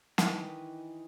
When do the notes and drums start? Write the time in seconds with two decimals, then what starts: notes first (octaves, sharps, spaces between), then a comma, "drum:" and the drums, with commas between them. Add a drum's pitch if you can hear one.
0.18 D#3 E3 B4, drum: snare